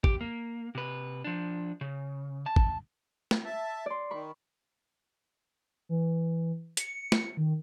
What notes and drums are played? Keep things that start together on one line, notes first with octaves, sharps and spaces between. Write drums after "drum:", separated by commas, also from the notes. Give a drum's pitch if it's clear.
G4, drum: kick
A#3
C3 B4
F3 D4
C#3
A5
drum: kick
drum: snare
E5 A5
D5 C6
D#3 B5 C#6
E3
C#7, drum: hi-hat
drum: snare
D#3